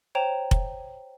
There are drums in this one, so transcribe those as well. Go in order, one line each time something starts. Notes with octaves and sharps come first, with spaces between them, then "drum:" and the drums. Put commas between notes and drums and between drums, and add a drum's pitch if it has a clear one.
C5 C#5 G5 A#5 E7 F7
drum: kick F1